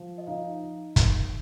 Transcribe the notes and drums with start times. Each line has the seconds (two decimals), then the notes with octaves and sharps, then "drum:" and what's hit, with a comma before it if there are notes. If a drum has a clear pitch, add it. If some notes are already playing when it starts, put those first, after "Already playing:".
Already playing: F3
0.18 D#5
0.27 D#4 F5
0.96 drum: kick, hi-hat